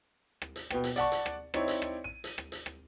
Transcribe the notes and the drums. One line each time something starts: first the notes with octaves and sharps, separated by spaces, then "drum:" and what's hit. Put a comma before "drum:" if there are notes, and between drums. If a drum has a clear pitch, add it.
drum: rim click
drum: hi-hat
B2 B3 G5, drum: rim click
drum: hi-hat
D5 F#5 A5 C#6, drum: hi-hat
drum: hi-hat
drum: rim click
C4 D#4 E4 C#5 D5, drum: rim click
drum: hi-hat
drum: rim click
D#7
drum: hi-hat
drum: rim click
drum: hi-hat
drum: rim click